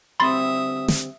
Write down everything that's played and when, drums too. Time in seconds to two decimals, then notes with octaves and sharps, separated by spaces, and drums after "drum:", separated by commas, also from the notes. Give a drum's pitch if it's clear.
0.20 D2 G3 C4 E5 B5 C6 D#6 A6
0.88 drum: snare